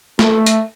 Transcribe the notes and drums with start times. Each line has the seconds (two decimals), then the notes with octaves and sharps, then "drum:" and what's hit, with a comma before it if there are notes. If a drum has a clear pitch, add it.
0.19 A3, drum: snare
0.46 drum: hi-hat